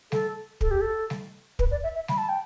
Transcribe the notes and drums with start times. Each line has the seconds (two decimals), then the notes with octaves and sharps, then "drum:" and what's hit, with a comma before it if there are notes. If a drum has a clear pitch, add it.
0.12 A4, drum: snare G3
0.61 A4, drum: kick
0.71 G4
0.81 A4
1.10 drum: snare G3
1.59 B4, drum: kick
1.71 D5
1.83 E5
1.95 E5
2.08 B5, drum: snare G3
2.18 A5
2.29 G5